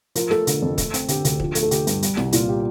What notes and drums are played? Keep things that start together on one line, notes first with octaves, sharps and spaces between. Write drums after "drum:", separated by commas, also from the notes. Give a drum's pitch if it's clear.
F3 A#4, drum: hi-hat
A3 A4, drum: snare
D3, drum: hi-hat
F2
A3, drum: kick, hi-hat
C4, drum: hi-hat
D3 G4, drum: hi-hat
D2, drum: hi-hat
F3, drum: kick
A3, drum: hi-hat
A4
D3 G4, drum: hi-hat
G2, drum: hi-hat
G3, drum: hi-hat
C2, drum: snare
A#2 F4, drum: hi-hat
G4